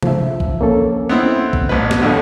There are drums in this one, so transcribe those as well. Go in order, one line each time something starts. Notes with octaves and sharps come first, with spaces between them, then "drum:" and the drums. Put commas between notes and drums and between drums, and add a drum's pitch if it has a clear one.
F3 E5, drum: tom C3
drum: kick A#1
A#3 C#4 A4
B3 C4 E4
drum: kick A#1
A1 B4
drum: snare
B1 F2 D3